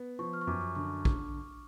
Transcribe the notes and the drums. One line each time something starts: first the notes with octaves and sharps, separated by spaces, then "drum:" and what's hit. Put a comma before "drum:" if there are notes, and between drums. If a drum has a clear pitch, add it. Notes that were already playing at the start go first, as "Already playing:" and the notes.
Already playing: B3
F3 C#6
F6
C#6
F#2 D6
C#6
D3 C#6
drum: kick A#1